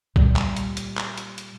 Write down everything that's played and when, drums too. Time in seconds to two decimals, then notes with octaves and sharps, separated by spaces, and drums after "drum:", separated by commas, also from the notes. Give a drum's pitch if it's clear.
0.16 A#2 G3, drum: kick
0.36 drum: clap
0.57 drum: hi-hat
0.77 drum: hi-hat
0.97 drum: clap
1.17 drum: hi-hat
1.38 drum: hi-hat